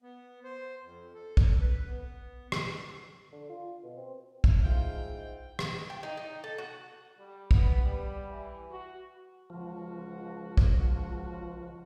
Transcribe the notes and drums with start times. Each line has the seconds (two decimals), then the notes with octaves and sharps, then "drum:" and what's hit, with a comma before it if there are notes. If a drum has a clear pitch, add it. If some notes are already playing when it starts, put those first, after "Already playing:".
0.02 B3
0.44 C5
0.83 F2
1.14 A4
1.37 drum: kick
1.60 B4
1.87 B3
2.52 drum: rim click
3.32 D3
3.50 F4
3.83 B2
3.97 C4
4.44 drum: kick
4.61 G#2 E4 F4 G5
5.59 drum: rim click
5.90 G5
6.03 D#4
6.17 D#4
6.44 A4
6.58 F#4
7.18 G3
7.51 B3, drum: kick
7.85 G3
8.30 E3
8.71 F#4
9.50 C#2 F3 F#4
10.57 drum: kick